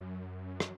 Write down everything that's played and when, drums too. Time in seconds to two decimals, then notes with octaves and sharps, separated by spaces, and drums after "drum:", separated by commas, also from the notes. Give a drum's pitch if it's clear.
0.01 F#2
0.60 drum: rim click